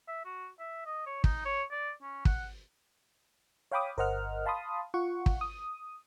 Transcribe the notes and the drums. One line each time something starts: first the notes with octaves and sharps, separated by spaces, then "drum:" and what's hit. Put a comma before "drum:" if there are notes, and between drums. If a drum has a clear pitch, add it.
E5
F#4
E5
D#5
C#5
D#4, drum: kick
C#5
D5
C#4
F#5, drum: kick
C#5 F5 G5 B5 D6 D#6
G1 A#4 C5 D#5 F#5 F6
F5 A5 B5 C6 D#6
F4 F#5 C#6
drum: kick
D#6